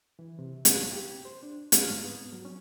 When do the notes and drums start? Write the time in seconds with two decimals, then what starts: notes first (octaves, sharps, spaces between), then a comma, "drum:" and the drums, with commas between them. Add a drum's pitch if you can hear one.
0.19 E3
0.39 C3
0.65 F#2, drum: hi-hat
0.92 G4
1.25 C5
1.43 D4
1.72 F6, drum: hi-hat
1.90 G#2
2.04 B3
2.32 F#3
2.45 C#4